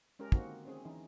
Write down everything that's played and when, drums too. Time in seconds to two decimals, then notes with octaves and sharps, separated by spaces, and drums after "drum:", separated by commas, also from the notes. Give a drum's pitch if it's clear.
0.19 G#3 C#4 G4 A#4
0.32 D3 D#3 A#3 C4 D#4 F#4, drum: kick
0.65 C4 C#4 G#4
0.85 E3 C#4 D#4